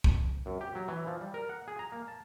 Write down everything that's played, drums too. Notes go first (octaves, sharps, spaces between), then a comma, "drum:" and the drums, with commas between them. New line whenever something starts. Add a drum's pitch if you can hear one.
drum: kick
F#2
G4
F#3
E3
F3
G3
A#4
F#5
G#4
A#5
A#3
A5